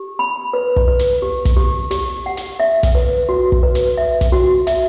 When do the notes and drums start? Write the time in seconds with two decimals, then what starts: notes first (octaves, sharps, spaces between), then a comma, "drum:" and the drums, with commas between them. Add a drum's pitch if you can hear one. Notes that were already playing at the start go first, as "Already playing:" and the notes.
Already playing: G4
0.19 B5
0.53 B4
0.76 drum: kick
0.88 B4
0.99 drum: hi-hat
1.22 G4
1.45 drum: kick, hi-hat
1.57 G4
1.91 G4, drum: hi-hat
2.26 F#5
2.37 drum: hi-hat
2.60 E5
2.83 drum: kick, hi-hat
2.95 B4
3.29 F#4
3.52 drum: kick
3.63 B4
3.75 drum: hi-hat
3.98 E5
4.21 drum: kick, hi-hat
4.32 F#4
4.67 E5, drum: hi-hat